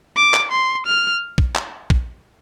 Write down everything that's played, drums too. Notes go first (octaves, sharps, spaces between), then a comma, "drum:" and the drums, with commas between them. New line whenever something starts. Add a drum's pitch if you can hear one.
D6
drum: clap
C6
F6
drum: kick
drum: clap
drum: kick